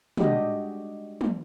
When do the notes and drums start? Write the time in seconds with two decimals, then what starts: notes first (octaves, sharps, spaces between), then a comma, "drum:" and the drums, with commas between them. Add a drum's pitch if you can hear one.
0.17 G3 G#3 D4 F#4 G4 D#5, drum: tom
1.21 drum: tom